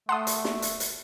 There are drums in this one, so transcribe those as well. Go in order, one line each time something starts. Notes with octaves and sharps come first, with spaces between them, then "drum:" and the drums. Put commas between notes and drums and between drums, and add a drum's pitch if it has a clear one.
A3 F#5 A5 C6 D#6
drum: hi-hat
drum: snare
drum: hi-hat
drum: hi-hat